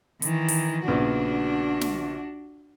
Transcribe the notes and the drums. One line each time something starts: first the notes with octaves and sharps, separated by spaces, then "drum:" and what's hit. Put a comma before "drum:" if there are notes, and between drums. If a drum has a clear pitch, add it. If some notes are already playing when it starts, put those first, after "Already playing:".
D#3 E3, drum: hi-hat
drum: open hi-hat
A#1 C#3 B3 D4 F#4
drum: snare